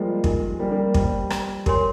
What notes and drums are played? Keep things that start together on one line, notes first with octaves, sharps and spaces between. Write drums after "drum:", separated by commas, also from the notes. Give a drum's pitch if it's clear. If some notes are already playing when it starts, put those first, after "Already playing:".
Already playing: F3 G3 G#3 A#3 C5
D#4 G4 A#4 D#5 G#5, drum: kick
G3 A#3
G3 A#3
G3 G4 C5 D#5, drum: kick
drum: rim click
G4 A#4 C#5 G#5 C6, drum: kick